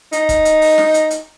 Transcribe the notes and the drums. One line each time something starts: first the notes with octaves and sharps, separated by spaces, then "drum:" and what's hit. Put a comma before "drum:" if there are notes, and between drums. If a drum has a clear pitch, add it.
D#4, drum: hi-hat
drum: kick, hi-hat
drum: hi-hat
drum: open hi-hat
drum: snare
drum: hi-hat
drum: hi-hat